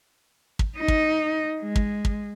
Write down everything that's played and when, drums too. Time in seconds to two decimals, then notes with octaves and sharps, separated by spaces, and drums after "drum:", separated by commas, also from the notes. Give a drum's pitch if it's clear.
0.59 drum: kick
0.77 D#4
0.88 drum: kick
1.61 G#3
1.76 drum: kick
2.05 drum: kick